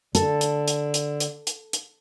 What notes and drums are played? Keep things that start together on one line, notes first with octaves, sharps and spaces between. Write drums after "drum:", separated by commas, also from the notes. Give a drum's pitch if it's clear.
D3 A4, drum: hi-hat
drum: hi-hat
drum: hi-hat
drum: hi-hat
drum: hi-hat
drum: hi-hat
drum: hi-hat